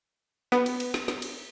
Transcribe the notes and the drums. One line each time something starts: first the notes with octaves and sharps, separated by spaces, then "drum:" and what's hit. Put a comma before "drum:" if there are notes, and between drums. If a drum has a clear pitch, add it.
B3, drum: snare
drum: cymbal
drum: cymbal
drum: snare
drum: snare
drum: cymbal